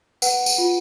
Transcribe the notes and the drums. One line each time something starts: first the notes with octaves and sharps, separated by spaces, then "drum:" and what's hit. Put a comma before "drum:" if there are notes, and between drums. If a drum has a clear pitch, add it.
B4 F#5, drum: tambourine
drum: tambourine
F4